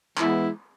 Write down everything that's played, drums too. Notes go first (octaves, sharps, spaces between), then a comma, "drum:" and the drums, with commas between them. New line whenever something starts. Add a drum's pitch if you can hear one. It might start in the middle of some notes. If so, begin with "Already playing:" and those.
E3 G#3 B3 E4, drum: clap